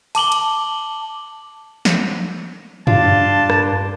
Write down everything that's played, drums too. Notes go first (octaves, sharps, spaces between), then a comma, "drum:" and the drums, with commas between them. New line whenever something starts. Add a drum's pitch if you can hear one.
A5 D6 F#7 G7, drum: open hi-hat
drum: cymbal
drum: snare
G2 D4 F4 A5, drum: tom F#2
drum: rim click